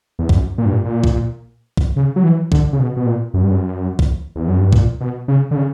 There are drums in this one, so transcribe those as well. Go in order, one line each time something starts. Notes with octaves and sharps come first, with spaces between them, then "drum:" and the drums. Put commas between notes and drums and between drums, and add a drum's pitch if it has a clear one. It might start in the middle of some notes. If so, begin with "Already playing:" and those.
E2
F#2, drum: kick
A#2
G2
A#2
A#2
drum: kick
drum: kick
C#3
F#3
E3
D3, drum: kick
C#3
B2
B2
A#2
F#2
G2
F#2
drum: kick
E2
F#2
G2
A#2, drum: kick
B2
C#3
D3
C#3